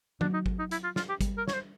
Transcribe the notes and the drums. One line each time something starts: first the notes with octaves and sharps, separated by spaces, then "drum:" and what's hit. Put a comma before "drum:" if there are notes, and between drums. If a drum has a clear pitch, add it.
F#3 D4, drum: tom
D#4
drum: kick G#1
D#4
E4, drum: hi-hat
F4
F4, drum: snare
G4
G3, drum: kick G#1, hi-hat
A#4
C#5, drum: snare
C5